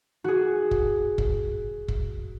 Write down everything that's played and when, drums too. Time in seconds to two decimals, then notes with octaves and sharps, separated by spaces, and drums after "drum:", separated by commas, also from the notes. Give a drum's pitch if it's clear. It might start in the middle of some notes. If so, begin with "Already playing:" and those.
0.24 F#4 G#4
0.71 drum: kick
1.18 drum: kick
1.88 drum: kick